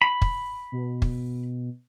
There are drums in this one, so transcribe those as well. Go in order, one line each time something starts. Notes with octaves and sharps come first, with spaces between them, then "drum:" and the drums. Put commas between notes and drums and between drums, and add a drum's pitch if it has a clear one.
B5
drum: kick
B2
drum: kick